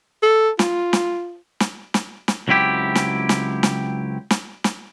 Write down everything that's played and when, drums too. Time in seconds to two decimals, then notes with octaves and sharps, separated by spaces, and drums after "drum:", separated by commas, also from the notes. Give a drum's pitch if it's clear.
0.23 A4
0.59 F4, drum: snare
0.93 drum: snare
1.60 drum: snare
1.94 drum: snare
2.28 drum: snare
2.48 C#2 F#3 C4 E4 G4
2.95 drum: snare
3.29 drum: snare
3.63 drum: snare
4.31 drum: snare
4.64 drum: snare